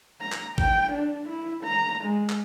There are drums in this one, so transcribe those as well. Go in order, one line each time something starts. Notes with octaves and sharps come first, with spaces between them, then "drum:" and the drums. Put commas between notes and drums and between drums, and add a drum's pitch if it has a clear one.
A#5
drum: clap
G5, drum: kick
D4
E4
A#5
G#3
drum: clap